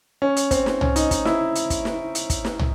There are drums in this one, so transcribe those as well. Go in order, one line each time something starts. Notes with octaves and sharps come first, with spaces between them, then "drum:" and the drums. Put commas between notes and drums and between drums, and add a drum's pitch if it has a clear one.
C#4
drum: hi-hat
C4, drum: kick, hi-hat
drum: snare
C#4, drum: tom
D#4, drum: hi-hat
D#4, drum: kick, hi-hat
E4, drum: snare
drum: hi-hat
drum: kick, hi-hat
drum: snare
drum: hi-hat
drum: kick, hi-hat
drum: snare
drum: tom